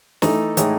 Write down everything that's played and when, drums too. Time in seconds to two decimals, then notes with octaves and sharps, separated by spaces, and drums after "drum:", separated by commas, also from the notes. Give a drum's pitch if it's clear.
0.22 E3 A3 D#4 A4, drum: snare
0.57 A2 E3 G#3 D#4, drum: hi-hat